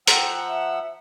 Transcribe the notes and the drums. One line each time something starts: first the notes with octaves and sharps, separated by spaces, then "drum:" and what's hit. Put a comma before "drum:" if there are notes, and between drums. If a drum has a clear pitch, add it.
F3 F#5 G5 A#5 C6 E6, drum: hi-hat
E5